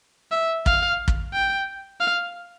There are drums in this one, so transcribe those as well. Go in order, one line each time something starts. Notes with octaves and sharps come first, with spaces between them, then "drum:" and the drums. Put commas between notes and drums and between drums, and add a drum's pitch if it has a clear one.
E5
F5, drum: kick
drum: kick
G5
F5